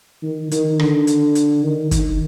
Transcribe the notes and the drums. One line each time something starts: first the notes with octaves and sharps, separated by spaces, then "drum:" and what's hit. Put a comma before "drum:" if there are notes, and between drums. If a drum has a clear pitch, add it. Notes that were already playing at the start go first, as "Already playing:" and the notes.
D#3
D#3, drum: hi-hat
D3, drum: rim click
drum: hi-hat
drum: hi-hat
D#3
D#3, drum: kick, hi-hat